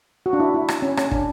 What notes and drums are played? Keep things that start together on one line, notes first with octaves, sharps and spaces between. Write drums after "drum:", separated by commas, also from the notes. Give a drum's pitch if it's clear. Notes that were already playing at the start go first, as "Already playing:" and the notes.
F#4
D4
E4
E4
drum: rim click
C#4
C#4, drum: rim click
D4, drum: kick